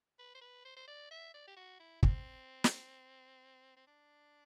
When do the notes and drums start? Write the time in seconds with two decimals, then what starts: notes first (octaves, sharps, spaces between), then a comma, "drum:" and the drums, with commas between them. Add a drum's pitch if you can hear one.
0.19 B4
0.35 C5
0.42 B4
0.65 C5
0.76 C5
0.87 D5
1.11 E5
1.34 D5
1.48 G4
1.56 F#4
1.79 E4
2.03 C4, drum: kick
2.64 drum: snare
3.77 C4
3.87 D4